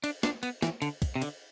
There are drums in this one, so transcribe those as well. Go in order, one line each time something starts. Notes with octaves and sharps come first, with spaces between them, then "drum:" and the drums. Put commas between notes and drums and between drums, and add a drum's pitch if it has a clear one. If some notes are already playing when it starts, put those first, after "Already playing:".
D4, drum: cymbal
D4, drum: snare
B3, drum: cymbal
E3, drum: snare
D3, drum: cymbal
drum: kick, cymbal
C3
D3, drum: cymbal